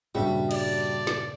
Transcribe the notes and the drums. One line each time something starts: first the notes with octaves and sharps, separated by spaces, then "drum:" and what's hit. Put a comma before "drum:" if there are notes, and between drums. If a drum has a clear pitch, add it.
D#1 G2 C#3 G3 F#4 E5
D5, drum: cymbal
drum: snare